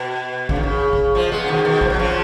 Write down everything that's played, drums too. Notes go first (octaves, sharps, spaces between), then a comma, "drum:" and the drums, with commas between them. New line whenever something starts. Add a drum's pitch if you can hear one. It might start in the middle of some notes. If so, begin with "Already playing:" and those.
Already playing: B2
C#3, drum: kick
D#3
C#3
drum: kick
F3 G#3
G#3 B3
C#3
B2 D#3
B2 D#3
F3, drum: kick
F#3
C#3 F3